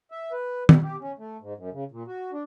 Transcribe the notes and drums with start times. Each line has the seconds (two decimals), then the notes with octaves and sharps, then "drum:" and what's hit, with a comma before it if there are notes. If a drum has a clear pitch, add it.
0.11 E5
0.32 B4
0.69 G3, drum: tom
0.83 G4
1.01 C#4
1.19 A3
1.41 G#2
1.57 F#2
1.73 C#3
1.92 A#2
2.07 F#4
2.32 D4